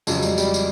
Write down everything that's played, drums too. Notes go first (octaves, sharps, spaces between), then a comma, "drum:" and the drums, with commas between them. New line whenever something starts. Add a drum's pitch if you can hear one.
F2 C#3 F#3 G#3, drum: tambourine
G3, drum: tambourine
G3, drum: tambourine
drum: tambourine